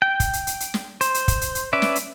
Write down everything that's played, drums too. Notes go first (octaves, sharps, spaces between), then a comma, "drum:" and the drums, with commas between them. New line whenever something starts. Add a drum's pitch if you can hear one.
G5
drum: kick, hi-hat
drum: hi-hat
drum: hi-hat
drum: hi-hat
drum: snare
C5, drum: hi-hat
drum: hi-hat
drum: kick, hi-hat
drum: hi-hat
drum: hi-hat
C#4 B4 D5 E5
drum: snare
drum: hi-hat